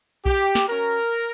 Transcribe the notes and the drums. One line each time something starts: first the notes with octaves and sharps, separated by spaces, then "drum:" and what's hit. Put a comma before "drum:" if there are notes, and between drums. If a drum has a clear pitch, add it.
G4, drum: kick B1
drum: snare
C#4 F#4 A#4